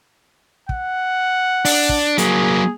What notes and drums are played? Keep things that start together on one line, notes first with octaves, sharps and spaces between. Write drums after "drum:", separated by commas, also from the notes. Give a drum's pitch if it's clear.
F#5, drum: kick
D4, drum: open hi-hat
drum: kick
F#3 A#3 G#4, drum: hi-hat